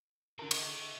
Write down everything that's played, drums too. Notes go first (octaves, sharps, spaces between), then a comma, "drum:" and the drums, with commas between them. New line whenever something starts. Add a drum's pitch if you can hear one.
D3 A4 A#4 D5
C#6, drum: cymbal